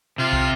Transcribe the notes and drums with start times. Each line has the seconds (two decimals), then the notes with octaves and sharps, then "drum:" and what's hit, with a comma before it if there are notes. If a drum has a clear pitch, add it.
0.18 C3 F4
0.33 drum: kick